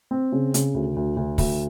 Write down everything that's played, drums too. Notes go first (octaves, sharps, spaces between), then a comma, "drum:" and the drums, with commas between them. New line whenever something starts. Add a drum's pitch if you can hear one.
C4
C#3
C#3, drum: hi-hat
D2
D2
D2
D2, drum: kick, open hi-hat